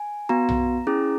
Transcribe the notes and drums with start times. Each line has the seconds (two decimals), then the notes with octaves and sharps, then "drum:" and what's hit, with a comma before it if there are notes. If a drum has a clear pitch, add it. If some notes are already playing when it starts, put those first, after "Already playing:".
Already playing: G#5
0.29 B3 F#4 A#5
0.49 drum: tom B1
0.87 C#4 E4 G#4